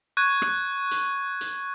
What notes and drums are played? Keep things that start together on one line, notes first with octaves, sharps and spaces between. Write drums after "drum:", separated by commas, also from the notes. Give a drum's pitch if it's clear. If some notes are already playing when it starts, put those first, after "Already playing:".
C#6 F#6 G#6 D#7
drum: rim click
drum: hi-hat
drum: hi-hat